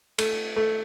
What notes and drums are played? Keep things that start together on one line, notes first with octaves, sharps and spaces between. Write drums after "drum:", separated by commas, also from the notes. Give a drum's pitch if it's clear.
A3, drum: cymbal
A3